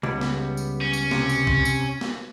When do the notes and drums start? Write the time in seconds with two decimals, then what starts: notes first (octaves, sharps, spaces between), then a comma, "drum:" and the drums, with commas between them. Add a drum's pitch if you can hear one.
0.03 C#2 G3 B3
0.21 drum: snare
0.57 drum: tambourine
0.81 C#4
0.93 drum: tambourine
1.11 C3, drum: snare
1.29 drum: tambourine
1.47 drum: kick
1.65 drum: tambourine
2.01 drum: snare